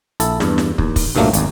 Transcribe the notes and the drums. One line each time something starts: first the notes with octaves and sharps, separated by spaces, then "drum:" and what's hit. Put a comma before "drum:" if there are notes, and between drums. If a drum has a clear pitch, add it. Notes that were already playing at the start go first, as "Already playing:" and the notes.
A#1 E4 A4, drum: hi-hat
E2 G2, drum: snare
drum: snare
D#2, drum: kick
drum: kick, open hi-hat
C2 G2 A#2 F#3 A3 A#3
G#1 D#2, drum: hi-hat